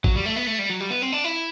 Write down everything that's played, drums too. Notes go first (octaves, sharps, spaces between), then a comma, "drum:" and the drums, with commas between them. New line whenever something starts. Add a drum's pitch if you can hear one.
F#3, drum: kick
G3
A3
B3
A3
G3
F#3
G3
B3
C4
D4
E4